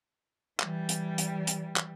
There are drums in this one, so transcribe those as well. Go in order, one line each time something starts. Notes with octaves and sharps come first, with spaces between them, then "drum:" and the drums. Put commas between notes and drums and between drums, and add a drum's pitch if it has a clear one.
E3 G3, drum: clap
drum: hi-hat
drum: hi-hat
drum: hi-hat
drum: clap